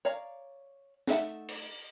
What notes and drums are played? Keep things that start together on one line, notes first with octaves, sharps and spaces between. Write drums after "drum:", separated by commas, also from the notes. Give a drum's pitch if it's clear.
C#5 D5 F5 A#5
A3 D#4 A4 E5 F#5, drum: snare
drum: cymbal